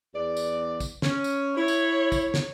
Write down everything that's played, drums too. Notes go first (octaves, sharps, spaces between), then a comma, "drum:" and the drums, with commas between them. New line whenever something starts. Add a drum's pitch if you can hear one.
E2 D5
drum: tambourine
drum: kick, tambourine
C#4, drum: snare
drum: tambourine
E4 C#5
drum: tambourine
drum: kick, tambourine
drum: snare